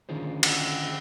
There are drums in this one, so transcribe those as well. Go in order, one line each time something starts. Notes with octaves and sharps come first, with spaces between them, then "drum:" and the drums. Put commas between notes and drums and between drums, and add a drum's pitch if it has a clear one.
D3 D#3 C#4 F4 G#4 C5
drum: cymbal